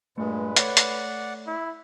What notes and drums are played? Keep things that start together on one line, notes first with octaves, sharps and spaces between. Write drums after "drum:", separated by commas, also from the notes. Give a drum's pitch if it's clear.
G2 A#2 G#3 A3 B4
A3 C#5 D5 F#5, drum: hi-hat
drum: hi-hat
E4